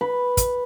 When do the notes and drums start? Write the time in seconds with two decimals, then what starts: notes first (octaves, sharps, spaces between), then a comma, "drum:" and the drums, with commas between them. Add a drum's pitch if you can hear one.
0.01 B4
0.37 drum: kick, hi-hat